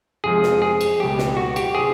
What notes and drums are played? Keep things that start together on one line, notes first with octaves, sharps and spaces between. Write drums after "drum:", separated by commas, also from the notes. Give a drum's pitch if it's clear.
F2 C3 F3 G#3 G#4
drum: snare
G#4
drum: cymbal
C#2 B2 F#3 A3 G4
drum: snare
F#4
G4, drum: cymbal
C3 E3 G#4